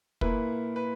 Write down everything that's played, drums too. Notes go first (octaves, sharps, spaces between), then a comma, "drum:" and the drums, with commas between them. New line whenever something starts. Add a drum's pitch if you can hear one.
A#2 A#3 E4 B4, drum: kick
B4